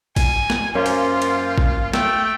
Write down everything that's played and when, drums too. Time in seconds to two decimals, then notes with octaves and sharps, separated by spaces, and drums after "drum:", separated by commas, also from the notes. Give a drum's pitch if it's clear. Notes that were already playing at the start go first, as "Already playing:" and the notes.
0.16 G#5, drum: kick A1, cymbal
0.50 drum: snare
0.75 F#2 A#3 C#4 F4 C5
0.86 drum: cymbal
1.22 drum: cymbal
1.58 drum: kick A1
1.93 A3 G5, drum: snare